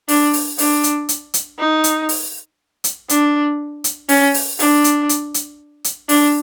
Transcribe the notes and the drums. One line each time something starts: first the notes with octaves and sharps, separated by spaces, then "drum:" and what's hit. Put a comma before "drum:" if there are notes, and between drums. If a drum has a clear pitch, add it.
D4, drum: open hi-hat
drum: open hi-hat
D4, drum: open hi-hat
drum: hi-hat
drum: hi-hat
drum: hi-hat
D#4
drum: hi-hat
drum: open hi-hat
drum: hi-hat
D4, drum: hi-hat
drum: hi-hat
C#4, drum: open hi-hat
drum: open hi-hat
D4, drum: open hi-hat
drum: hi-hat
drum: hi-hat
drum: hi-hat
drum: hi-hat
D4, drum: open hi-hat